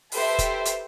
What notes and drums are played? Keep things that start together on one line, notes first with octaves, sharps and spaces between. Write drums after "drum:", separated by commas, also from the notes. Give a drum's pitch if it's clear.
G4 A4 B4 C5 E5, drum: open hi-hat
drum: kick, hi-hat
drum: hi-hat